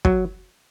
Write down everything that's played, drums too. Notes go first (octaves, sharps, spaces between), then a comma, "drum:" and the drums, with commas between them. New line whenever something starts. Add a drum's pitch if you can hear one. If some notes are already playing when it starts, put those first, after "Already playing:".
F#3, drum: kick